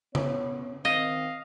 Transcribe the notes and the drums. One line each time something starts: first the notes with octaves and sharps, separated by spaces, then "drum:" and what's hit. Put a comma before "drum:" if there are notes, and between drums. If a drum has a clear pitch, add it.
B3 C#5, drum: tom C#3
D#3 C4 D#5 F5